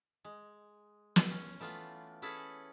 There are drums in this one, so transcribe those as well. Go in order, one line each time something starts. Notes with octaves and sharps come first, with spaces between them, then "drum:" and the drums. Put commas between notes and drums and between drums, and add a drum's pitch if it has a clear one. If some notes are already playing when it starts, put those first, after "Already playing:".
G#3
drum: snare
C#4
E3 A3 B3 F4
C#4 E4 G#4 A4 B4